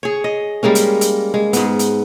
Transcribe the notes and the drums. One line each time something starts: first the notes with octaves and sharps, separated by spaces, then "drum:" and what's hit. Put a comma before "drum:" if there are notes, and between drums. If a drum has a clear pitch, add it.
G#4 C#5
D#5
G3 G#3 A#3 C#4
drum: hi-hat
drum: hi-hat
G#3
G#2 B3, drum: hi-hat
drum: hi-hat